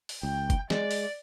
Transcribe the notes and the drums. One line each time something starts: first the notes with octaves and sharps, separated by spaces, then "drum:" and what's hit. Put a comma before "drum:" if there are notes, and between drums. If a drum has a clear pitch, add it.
drum: open hi-hat
C#2 G5
drum: kick F#1, hi-hat
G#3 D5, drum: snare
drum: open hi-hat